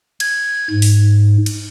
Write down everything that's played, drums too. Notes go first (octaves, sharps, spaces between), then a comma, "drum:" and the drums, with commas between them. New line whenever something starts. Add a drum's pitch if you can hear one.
G#6, drum: cymbal
G#2
drum: open hi-hat
drum: cymbal